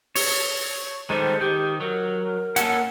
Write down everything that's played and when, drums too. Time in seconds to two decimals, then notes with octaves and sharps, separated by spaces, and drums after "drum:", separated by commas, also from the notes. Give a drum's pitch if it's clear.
0.15 C#5, drum: open hi-hat
1.10 D#3 G3 G#3 A4 C5
1.41 D#3 G4 G6
1.80 F#3 A#4
2.56 A#3 C#4 A4 F#5, drum: hi-hat